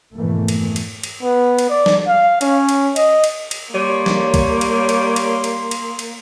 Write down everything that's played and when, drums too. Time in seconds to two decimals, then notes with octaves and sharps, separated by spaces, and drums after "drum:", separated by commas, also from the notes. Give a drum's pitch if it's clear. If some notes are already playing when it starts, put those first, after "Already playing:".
0.14 F2 G#2 B2 E3 A3 A#3
0.48 drum: cymbal
0.76 drum: cymbal
1.03 drum: cymbal
1.23 B3
1.59 drum: cymbal
1.69 D5
1.86 drum: snare
2.08 F5
2.41 C#4, drum: cymbal
2.69 drum: cymbal
2.96 D#5, drum: cymbal
3.24 drum: cymbal
3.51 drum: cymbal
3.74 G3 A#3 C#5 C6
4.06 drum: snare
4.34 drum: kick B1, cymbal
4.61 drum: cymbal
4.89 drum: cymbal
5.16 drum: cymbal
5.44 drum: cymbal
5.71 drum: cymbal
5.99 drum: cymbal